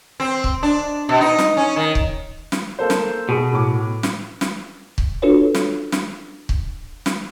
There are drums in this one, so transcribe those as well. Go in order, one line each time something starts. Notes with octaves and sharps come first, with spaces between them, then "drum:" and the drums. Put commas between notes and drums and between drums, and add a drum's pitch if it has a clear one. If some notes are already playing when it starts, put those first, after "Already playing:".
C4
drum: kick
D4
B2
D#4
drum: snare
C#4
D#3
drum: kick
drum: snare
A#3 A4 C5
drum: snare
B2 G#4
A2 D6
drum: snare
drum: snare
drum: kick
D4 F4 F#4 A4 B4 C#5
drum: snare
drum: snare
drum: kick
drum: snare